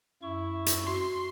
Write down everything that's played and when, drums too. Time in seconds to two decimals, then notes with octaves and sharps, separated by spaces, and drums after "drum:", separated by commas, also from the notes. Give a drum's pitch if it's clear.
0.23 F#2 E4 C#6
0.66 drum: hi-hat
0.87 F#4 C6